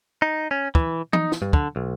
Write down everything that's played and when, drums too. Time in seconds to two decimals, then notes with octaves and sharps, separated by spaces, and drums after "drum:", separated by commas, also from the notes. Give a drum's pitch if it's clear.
0.22 D#4
0.51 C#4
0.75 E3, drum: kick
1.13 D#4, drum: tom E3
1.32 drum: snare
1.42 G2
1.53 D3, drum: kick
1.76 B1